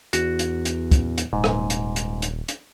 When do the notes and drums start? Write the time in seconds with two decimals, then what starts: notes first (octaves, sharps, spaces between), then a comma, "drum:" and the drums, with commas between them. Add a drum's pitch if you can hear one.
0.13 E2 F#4, drum: hi-hat
0.39 drum: hi-hat
0.65 drum: hi-hat
0.92 drum: kick, hi-hat
1.18 drum: hi-hat
1.33 D#1 G#2
1.44 drum: rim click
1.70 drum: hi-hat
1.96 drum: hi-hat
2.22 drum: hi-hat
2.48 drum: hi-hat